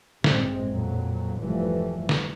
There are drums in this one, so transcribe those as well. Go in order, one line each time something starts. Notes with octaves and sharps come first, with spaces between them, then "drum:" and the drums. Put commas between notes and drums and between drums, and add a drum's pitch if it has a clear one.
A1 G2 A#2 G#3 C4, drum: snare
F2 A#2 F#3
F1 G#2 E3 F3 G3 A3
drum: snare